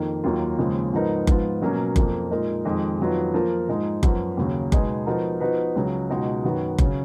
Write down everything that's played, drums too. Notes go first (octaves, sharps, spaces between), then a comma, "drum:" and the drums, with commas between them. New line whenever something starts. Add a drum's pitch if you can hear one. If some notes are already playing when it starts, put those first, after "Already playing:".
Already playing: F2 D#3 A#3
D#2 D#3 F#3 A#3 F4
D#2 C#3 F3 G#3
G#2 F3 B3 D#4 A#4
G#2 F3 B3 F4, drum: kick F#1
B2 F#3 A#3 C#4
F2 F3 A#3, drum: kick F#1
A#2 G#3 D#4 A#4
F2 D#3 G#3
F2 D#3 F#3 B3 F4
F3 A#3 F4 A#4
G#2 F3 G#3 D#4
F#2 F3 B3 F#4, drum: kick F#1
D#2 C#3 F#3
B2 G#3 B3 D#4 G#4, drum: kick F#1
F3 B3 D#4 F#4 A#4
F3 B3 D#4 F#4 B4
C#2 C#3 F#3
C#2 B2 G#3 D#4 F#4
F#2 D#3 F#3 B3 F#4
C#3 F#3 C#4, drum: kick F#1